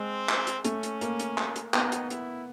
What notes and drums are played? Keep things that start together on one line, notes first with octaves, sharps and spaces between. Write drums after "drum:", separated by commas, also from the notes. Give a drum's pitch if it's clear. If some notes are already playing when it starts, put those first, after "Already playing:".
Already playing: G#3 C4
drum: clap
drum: hi-hat
A3 C#4, drum: hi-hat
drum: hi-hat
A#3, drum: hi-hat
drum: hi-hat
drum: clap
drum: hi-hat
B3 D#4, drum: clap
drum: hi-hat
E4, drum: hi-hat